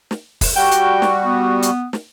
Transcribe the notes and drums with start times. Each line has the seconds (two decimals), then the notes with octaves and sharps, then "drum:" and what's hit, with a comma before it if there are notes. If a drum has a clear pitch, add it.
0.11 drum: snare
0.41 drum: kick, open hi-hat
0.56 G3 F#4 G5
0.71 drum: hi-hat
1.02 drum: snare
1.24 B3
1.63 drum: hi-hat
1.93 drum: snare